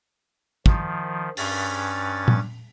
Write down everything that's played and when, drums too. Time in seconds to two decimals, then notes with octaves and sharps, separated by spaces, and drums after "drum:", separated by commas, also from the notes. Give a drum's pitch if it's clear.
0.66 D#3 F3, drum: kick
1.37 G2 C#4 A6, drum: open hi-hat
2.28 drum: tom A#2